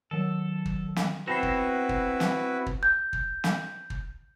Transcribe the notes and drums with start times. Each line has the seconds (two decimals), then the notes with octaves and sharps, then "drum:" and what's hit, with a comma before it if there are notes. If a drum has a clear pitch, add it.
0.11 D#3 F#3 A4
0.66 drum: kick
0.96 drum: snare
1.27 B3 C4 E4 F#4 A4 B4 A#6 C7
1.43 drum: kick
1.89 drum: kick
2.20 drum: snare
2.66 drum: kick
2.83 G6
3.13 drum: kick
3.44 drum: snare
3.90 drum: kick